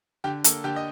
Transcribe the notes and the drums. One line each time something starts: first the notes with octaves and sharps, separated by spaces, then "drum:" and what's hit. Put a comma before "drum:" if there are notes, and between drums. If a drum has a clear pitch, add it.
D3 G4 G5
A#3 A4 A5, drum: hi-hat
D3 G4 G5
D#5